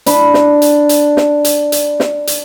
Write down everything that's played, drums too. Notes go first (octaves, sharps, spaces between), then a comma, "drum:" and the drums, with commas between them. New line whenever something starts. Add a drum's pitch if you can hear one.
D4 B5, drum: hi-hat
drum: snare
drum: hi-hat
drum: hi-hat
drum: snare
drum: hi-hat
drum: hi-hat
drum: snare
drum: hi-hat